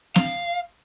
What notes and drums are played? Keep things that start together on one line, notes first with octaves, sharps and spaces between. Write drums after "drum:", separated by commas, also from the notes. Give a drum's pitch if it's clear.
F5, drum: snare